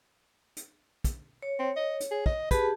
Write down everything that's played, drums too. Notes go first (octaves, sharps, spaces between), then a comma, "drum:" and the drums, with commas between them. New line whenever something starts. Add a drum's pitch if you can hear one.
drum: hi-hat
drum: kick, hi-hat
C#5
C4
D#5
drum: hi-hat
G#4
D#5, drum: kick
G4 G#4 B4 A5, drum: kick, hi-hat